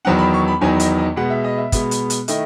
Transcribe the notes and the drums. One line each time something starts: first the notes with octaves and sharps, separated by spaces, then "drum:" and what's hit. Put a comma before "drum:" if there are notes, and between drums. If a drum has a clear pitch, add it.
E2 D#3 F#3 B3 D#4 F#5
B5
C#6
B5
E2 D#3 F#3 B3 D#4 G#5
D#5, drum: hi-hat
D#5
B2 G#3 B3 F#5
E5
D#5
E5
B2 G#3 B3, drum: kick, hi-hat
drum: hi-hat
drum: hi-hat
D#3 A3 E4 D#5, drum: hi-hat